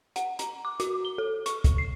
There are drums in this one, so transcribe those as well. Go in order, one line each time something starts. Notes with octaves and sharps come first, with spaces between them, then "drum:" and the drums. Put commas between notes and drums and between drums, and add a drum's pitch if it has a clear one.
F#5, drum: hi-hat
A#5, drum: hi-hat
D6
F#4, drum: hi-hat
G7
A4
C#6, drum: hi-hat
drum: kick, hi-hat
C7